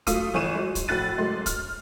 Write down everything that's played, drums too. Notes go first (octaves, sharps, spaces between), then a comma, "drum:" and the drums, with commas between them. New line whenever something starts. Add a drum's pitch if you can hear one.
F#3 A3 F4 F5 D#6 D#7, drum: kick, hi-hat
G1 E3 G#5 C#6 D#7 E7
F#3 G#3
drum: kick, hi-hat
F1 A2 F#4 F#6 A6 D#7
F#1 F#3 G#3 A3 C6
F6, drum: kick, hi-hat